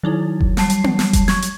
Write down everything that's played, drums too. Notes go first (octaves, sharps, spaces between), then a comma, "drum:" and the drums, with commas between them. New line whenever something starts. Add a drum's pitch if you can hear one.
D#3 F#3 D#4 E4
drum: kick F1
G3 A5 C7, drum: snare
drum: hi-hat
drum: tom B3
drum: snare
drum: kick F1, hi-hat
C#6 G#6, drum: snare
drum: hi-hat